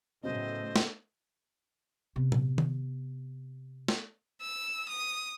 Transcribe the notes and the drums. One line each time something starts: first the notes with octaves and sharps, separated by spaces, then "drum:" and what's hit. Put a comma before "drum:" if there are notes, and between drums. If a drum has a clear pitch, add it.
A2 C#3 F#3 B3 C5 D#5
drum: snare
C3 B3
drum: tom A#2
drum: tom D#3
drum: snare
E6
D#6